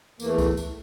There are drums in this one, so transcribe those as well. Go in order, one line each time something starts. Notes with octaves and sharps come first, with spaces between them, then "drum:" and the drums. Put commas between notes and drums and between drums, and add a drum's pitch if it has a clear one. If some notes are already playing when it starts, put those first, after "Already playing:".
E2 E3 A3 A#3, drum: tambourine
drum: kick C2, tambourine
drum: tambourine